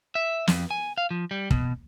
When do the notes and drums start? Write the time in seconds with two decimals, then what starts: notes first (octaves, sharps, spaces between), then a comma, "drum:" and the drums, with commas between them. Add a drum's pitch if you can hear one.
0.15 E5
0.48 F2, drum: snare
0.71 G#5
0.98 F5
1.11 F3
1.31 G3
1.51 B2, drum: kick